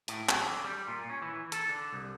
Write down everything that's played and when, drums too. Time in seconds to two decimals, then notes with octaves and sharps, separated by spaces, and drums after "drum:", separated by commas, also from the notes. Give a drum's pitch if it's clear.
0.08 A2, drum: hi-hat
0.29 F#3, drum: clap
0.42 D3
0.64 G3
0.88 A#2
1.10 C#4
1.22 E3
1.52 A4, drum: hi-hat
1.69 D3
1.93 C2